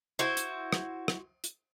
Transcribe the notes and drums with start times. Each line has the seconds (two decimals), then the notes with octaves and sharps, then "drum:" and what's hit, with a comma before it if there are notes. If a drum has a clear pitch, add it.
0.19 E4 F#4 C5
0.37 drum: hi-hat
0.73 drum: rim click
1.08 drum: rim click
1.44 drum: hi-hat